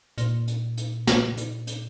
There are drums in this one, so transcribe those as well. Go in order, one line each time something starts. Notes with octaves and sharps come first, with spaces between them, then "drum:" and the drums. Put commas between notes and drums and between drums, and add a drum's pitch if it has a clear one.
A#2, drum: hi-hat
drum: hi-hat
drum: hi-hat
drum: snare
drum: hi-hat
drum: hi-hat